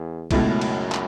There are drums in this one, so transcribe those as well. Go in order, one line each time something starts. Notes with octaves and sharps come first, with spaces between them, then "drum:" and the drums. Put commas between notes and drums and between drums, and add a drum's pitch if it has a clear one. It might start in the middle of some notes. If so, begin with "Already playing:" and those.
Already playing: E2
C#2 F#2 B2 A3 E4, drum: kick, cymbal
drum: cymbal
drum: clap